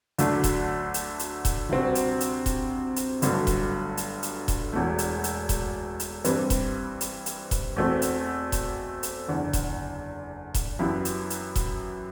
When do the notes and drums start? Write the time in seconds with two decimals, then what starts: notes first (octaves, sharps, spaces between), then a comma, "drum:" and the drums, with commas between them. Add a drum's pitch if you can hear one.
0.18 D2 D3 F#3 A3 D4, drum: hi-hat
0.44 drum: kick E1, hi-hat
0.94 drum: hi-hat
1.19 drum: hi-hat
1.45 drum: kick E1, hi-hat
1.69 D2 C3 G3 C4 F#4
1.95 drum: hi-hat
2.20 drum: hi-hat
2.46 drum: kick E1, hi-hat
2.96 drum: hi-hat
3.22 G1 G2 D3 F#3 A3, drum: hi-hat
3.47 drum: kick E1, hi-hat
3.97 drum: hi-hat
4.23 drum: hi-hat
4.48 drum: kick E1, hi-hat
4.73 E1 E2 B2 A3
4.98 drum: hi-hat
5.24 drum: hi-hat
5.49 drum: kick E1, hi-hat
6.00 drum: hi-hat
6.24 G2 E3 G3 C4, drum: hi-hat
6.50 drum: kick E1, hi-hat
7.01 drum: hi-hat
7.26 drum: hi-hat
7.51 drum: kick E1, hi-hat
7.76 E2 B2 A3 C4
8.02 drum: hi-hat
8.52 drum: kick E1, hi-hat
9.03 drum: hi-hat
9.28 F#1 E2 D3
9.53 drum: kick E1, hi-hat
10.54 drum: kick E1, hi-hat
10.79 F#2 E3 B3 E4 G4
11.05 drum: hi-hat
11.30 drum: hi-hat
11.56 drum: kick E1, hi-hat